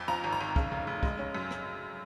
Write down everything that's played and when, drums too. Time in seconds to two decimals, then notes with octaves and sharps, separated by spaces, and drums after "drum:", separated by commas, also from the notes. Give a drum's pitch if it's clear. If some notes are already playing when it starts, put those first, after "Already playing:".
Already playing: F2
0.08 F3 A#5
0.24 G#1
0.32 A#5
0.41 G#1
0.56 C#3, drum: kick
0.71 F1
0.87 F1
1.03 G#3, drum: kick
1.19 C#4
1.35 F#2
1.51 drum: rim click